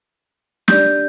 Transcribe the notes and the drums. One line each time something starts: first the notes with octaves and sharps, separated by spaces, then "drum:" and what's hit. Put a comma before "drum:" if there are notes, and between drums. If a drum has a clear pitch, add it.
D4 G4 D5 G6, drum: snare